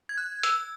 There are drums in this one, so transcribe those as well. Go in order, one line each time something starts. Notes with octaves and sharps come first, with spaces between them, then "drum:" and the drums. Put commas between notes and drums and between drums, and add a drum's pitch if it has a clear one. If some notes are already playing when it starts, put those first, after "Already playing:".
G#6
F#6
E6, drum: hi-hat